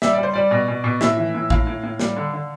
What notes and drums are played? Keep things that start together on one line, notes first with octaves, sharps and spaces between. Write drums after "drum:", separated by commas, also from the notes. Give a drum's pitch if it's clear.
G3 E5, drum: snare
D5
G3 C5
G3 D5
B2
B2
B2
A2 E5, drum: snare
E3
A2
A2 F5, drum: kick A1
A2
A2
G3, drum: snare
D3
D3